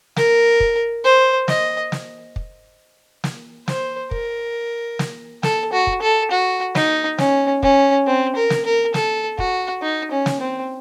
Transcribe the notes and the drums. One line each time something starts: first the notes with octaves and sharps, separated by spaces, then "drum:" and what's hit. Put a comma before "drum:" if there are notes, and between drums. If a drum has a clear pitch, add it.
A#4, drum: snare
drum: kick
C5
D#5, drum: snare
drum: snare
drum: kick
drum: snare
C5, drum: snare
A#4, drum: kick
drum: snare
A4, drum: snare
F#4
drum: kick
A4
F#4
D#4, drum: snare
C#4, drum: snare
C#4, drum: kick
C4
A#4
drum: snare
A#4
A4, drum: snare
F#4, drum: kick
D#4
C#4
drum: snare
C4